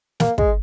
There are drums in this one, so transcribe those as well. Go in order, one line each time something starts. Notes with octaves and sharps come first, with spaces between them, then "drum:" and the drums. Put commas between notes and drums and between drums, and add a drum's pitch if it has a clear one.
A#3, drum: snare
G#3, drum: kick